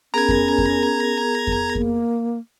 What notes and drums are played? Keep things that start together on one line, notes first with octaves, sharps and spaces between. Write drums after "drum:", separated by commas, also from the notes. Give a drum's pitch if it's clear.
B3 C#4 G#4 A#4 A#5 G#6
drum: kick F2
drum: kick F2
drum: kick F2
A#3, drum: kick F2